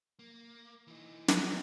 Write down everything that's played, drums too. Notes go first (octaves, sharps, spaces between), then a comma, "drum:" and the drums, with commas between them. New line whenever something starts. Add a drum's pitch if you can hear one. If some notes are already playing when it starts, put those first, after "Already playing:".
A#3
E3 D#4
drum: snare